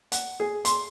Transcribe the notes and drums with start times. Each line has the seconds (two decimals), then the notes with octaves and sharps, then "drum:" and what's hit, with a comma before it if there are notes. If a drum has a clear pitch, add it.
0.12 F#5, drum: hi-hat
0.40 G#4
0.65 C6, drum: hi-hat